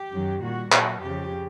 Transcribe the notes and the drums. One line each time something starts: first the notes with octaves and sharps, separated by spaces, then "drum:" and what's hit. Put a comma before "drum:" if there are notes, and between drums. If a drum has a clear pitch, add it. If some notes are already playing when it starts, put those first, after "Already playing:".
Already playing: G4
F#2 D#3 F#3
A#2 G3 F#4
A#2 F#3 F#4, drum: clap
F2 C#3 F3 G4